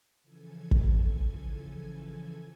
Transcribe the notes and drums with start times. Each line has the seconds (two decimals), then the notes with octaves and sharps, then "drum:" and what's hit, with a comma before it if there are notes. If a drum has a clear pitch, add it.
0.23 C#3 E3 F3 A4 G#5 G#6
0.71 drum: kick